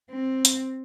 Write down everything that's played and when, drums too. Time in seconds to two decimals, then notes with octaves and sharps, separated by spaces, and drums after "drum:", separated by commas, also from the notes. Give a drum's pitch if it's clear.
0.11 C4
0.45 drum: hi-hat